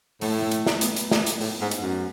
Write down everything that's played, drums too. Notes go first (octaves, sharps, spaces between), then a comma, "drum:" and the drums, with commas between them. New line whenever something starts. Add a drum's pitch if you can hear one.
A2 A3, drum: open hi-hat
A3
drum: hi-hat
drum: snare
B3, drum: hi-hat
drum: hi-hat
drum: snare
drum: hi-hat
A2, drum: open hi-hat
G#2
drum: hi-hat
F#2